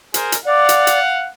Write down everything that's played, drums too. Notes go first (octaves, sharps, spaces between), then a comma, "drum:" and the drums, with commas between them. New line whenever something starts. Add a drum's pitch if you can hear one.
G#4 A#4 C5, drum: hi-hat
drum: hi-hat
D5 F5 F#5
drum: hi-hat
drum: hi-hat